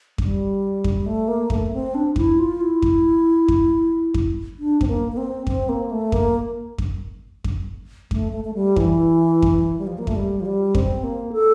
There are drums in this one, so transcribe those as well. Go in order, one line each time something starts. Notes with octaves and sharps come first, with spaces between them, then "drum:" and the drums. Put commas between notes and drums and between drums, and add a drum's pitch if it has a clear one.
G3, drum: kick F2
drum: kick F2
A3
A#3
A3, drum: kick F2
C4
D4
E4, drum: kick F2
F4
E4
drum: kick F2
drum: kick F2
drum: kick F2
D4
C4, drum: kick F2
A#3
A#3
C4
C4, drum: kick F2
A#3
A3
A#3, drum: kick F2
drum: kick F2
drum: kick F2
A3, drum: kick F2
A3
A3
G3
E3, drum: kick F2
drum: kick F2
G3
F3
A#3
A3, drum: kick F2
G3
F3
G3
C4, drum: kick F2
A#3
A4